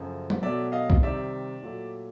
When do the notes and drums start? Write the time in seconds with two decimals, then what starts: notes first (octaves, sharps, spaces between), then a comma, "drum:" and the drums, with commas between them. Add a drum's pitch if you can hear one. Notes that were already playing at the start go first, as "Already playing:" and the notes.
Already playing: F#2 C#3 F3 A3
0.30 drum: tom F#3
0.42 B2 F#3 A3 D5 E5
0.72 D#5 F5
0.90 drum: kick C2
1.03 C3 D#3 G3 D5 E5
1.62 A#2 F#3 A3